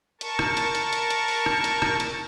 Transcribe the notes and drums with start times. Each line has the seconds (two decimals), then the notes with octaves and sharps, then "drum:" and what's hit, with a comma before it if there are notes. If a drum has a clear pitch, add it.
0.21 A#4 A5 C#6, drum: hi-hat
0.39 drum: rim click
0.57 drum: hi-hat
0.75 drum: hi-hat
0.93 drum: hi-hat
1.10 drum: hi-hat
1.28 drum: open hi-hat
1.46 drum: rim click
1.64 drum: hi-hat
1.82 drum: rim click
2.00 drum: hi-hat